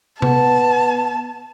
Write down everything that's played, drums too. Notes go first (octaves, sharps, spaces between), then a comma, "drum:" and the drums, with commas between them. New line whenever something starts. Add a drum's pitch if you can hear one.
B3 A5, drum: tom C3